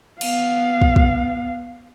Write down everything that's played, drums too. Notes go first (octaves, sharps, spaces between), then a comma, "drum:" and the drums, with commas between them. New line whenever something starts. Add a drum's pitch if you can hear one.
B3 F5, drum: cymbal
drum: kick
drum: kick